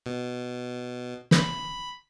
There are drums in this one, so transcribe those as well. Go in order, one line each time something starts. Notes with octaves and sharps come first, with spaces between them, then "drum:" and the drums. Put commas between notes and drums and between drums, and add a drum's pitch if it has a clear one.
B2
B5, drum: snare